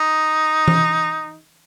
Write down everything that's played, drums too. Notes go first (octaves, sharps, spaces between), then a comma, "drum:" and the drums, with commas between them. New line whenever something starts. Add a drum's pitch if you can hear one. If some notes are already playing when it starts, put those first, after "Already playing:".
Already playing: D#4
drum: tom E3